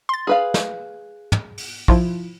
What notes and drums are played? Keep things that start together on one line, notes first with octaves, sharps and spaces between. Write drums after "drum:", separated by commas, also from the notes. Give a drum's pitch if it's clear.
C6 A6
G#4 B4 F5
drum: snare
drum: tom
drum: open hi-hat
F3 E4 F4, drum: kick